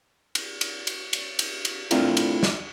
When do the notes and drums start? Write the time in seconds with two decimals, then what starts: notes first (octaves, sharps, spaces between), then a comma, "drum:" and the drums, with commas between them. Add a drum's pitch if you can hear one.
0.35 drum: cymbal
0.61 drum: cymbal
0.87 drum: cymbal
1.13 drum: cymbal
1.39 drum: cymbal
1.65 drum: cymbal
1.91 A3 C4 D4 E4 F4 A#4, drum: cymbal
2.17 drum: cymbal
2.43 drum: snare